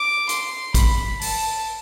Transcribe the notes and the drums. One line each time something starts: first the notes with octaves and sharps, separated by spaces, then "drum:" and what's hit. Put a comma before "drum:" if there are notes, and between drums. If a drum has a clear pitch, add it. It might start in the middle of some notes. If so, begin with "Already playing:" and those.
Already playing: D6
C6, drum: hi-hat
B5, drum: kick, hi-hat
A5, drum: open hi-hat